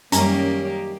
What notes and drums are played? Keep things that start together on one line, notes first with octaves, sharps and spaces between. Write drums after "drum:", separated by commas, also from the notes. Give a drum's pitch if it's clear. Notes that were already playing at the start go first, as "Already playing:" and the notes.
F#2 D#3 G3 A#3 C#4 G4 A#5, drum: hi-hat